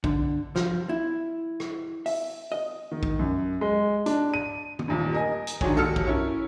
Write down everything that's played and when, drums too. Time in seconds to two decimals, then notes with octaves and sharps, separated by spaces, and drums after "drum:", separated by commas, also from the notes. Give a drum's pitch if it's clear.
0.04 D3, drum: kick A#1
0.56 F3, drum: snare
0.89 E4
1.60 drum: rim click
2.06 E5, drum: open hi-hat
2.52 D#5
2.91 D#3
3.03 drum: kick A#1
3.19 F#2
3.61 G#3
4.06 D4, drum: hi-hat
4.34 D#7
4.79 drum: tom
4.88 D#1 A1 D#2 A#2
5.12 A#4 D#5 G#5
5.47 drum: hi-hat
5.61 D#3 F#3 G#3 D4 G#4 C#5, drum: kick A#1
5.75 D#2 F#3 A4 E6 F6 C#7
5.96 drum: kick A#1
6.07 C#4 E4 A#4 C#5